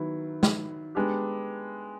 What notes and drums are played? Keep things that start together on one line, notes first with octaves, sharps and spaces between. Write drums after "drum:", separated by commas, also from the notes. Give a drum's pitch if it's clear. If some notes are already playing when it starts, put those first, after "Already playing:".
Already playing: D#3 F#3 B3 E4
drum: snare
G#3 B3 D4 G4